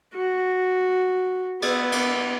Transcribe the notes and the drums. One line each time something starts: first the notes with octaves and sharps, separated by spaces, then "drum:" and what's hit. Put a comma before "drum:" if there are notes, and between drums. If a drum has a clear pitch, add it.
F#4
B3, drum: cymbal
drum: cymbal